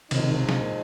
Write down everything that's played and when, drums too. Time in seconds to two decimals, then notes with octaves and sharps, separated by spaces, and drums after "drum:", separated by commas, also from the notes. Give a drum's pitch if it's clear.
0.11 C3 D#3 F3 G#3 D#4, drum: cymbal
0.24 C3 D#3
0.36 C3
0.49 C3, drum: snare
0.61 A#2